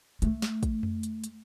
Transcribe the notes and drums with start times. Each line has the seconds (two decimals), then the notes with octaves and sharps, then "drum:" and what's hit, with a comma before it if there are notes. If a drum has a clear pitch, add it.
0.22 A3, drum: hi-hat
0.42 drum: snare
0.63 drum: kick, hi-hat
0.83 drum: tom F2
1.03 drum: hi-hat
1.24 drum: hi-hat